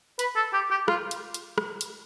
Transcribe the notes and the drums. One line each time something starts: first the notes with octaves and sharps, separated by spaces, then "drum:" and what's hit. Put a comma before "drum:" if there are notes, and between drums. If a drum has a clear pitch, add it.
B4, drum: hi-hat
A4
G4
G4
F4, drum: rim click
drum: hi-hat
drum: hi-hat
drum: rim click
drum: hi-hat